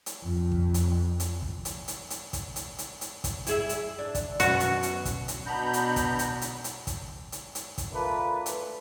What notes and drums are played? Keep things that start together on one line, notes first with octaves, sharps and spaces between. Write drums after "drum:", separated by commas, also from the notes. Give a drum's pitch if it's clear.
drum: hi-hat
F2
drum: kick
drum: hi-hat
drum: hi-hat
drum: kick
drum: hi-hat
drum: hi-hat
drum: hi-hat
drum: kick, hi-hat
drum: hi-hat
drum: hi-hat
drum: hi-hat
drum: kick, hi-hat
E4 G#4 E5, drum: hi-hat
drum: hi-hat
D4
drum: kick, hi-hat
F#2 B2 F#4, drum: hi-hat
drum: hi-hat
drum: hi-hat
drum: kick, hi-hat
drum: hi-hat
B2 B3 D4 A#5 B5 G6
drum: hi-hat
drum: kick, hi-hat
drum: hi-hat
drum: hi-hat
drum: hi-hat
drum: kick, hi-hat
drum: hi-hat
drum: hi-hat
drum: kick, hi-hat
A3 D4 F4 A#4 B4
drum: hi-hat